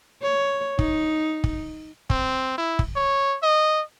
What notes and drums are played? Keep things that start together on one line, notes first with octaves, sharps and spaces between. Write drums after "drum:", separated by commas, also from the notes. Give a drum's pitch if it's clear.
C#5
D#4, drum: kick
drum: kick
C4, drum: kick
E4
drum: kick
C#5
D#5